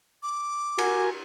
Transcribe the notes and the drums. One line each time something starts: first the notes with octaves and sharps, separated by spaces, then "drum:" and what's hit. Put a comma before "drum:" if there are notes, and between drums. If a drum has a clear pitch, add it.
D6
F#4 A#4 G#5, drum: cymbal